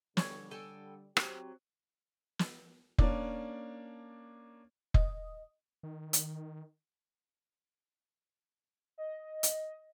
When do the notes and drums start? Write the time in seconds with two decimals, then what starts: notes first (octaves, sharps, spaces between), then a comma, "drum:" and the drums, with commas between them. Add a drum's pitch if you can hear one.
0.17 D3 G3 C#5, drum: snare
0.51 A4 G5 G#5
1.17 F#3 C4 G4, drum: rim click
2.39 drum: snare
2.98 A#3 C#4 D4 D5, drum: kick F1
4.94 D#5, drum: kick F1
5.83 D#3
6.13 drum: hi-hat
8.98 D#5
9.43 drum: hi-hat